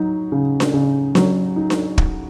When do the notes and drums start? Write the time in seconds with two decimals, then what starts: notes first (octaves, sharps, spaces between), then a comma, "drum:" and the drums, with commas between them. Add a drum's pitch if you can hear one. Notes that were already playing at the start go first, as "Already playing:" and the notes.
Already playing: F#3 D#4
0.32 C#3
0.60 drum: snare D4
0.74 C#3
1.15 F#3, drum: snare D4
1.56 D#4
1.70 drum: snare D4
1.98 drum: kick